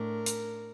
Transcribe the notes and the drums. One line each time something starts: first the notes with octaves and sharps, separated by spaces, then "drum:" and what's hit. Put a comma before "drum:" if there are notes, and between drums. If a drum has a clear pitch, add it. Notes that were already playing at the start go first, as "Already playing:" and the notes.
Already playing: A2 A3 D4 A#4
drum: hi-hat